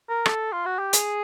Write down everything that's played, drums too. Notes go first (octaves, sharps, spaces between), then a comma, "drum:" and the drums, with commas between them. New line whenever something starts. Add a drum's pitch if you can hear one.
A#4
A4, drum: rim click
F4
F#4
G4
G#4, drum: hi-hat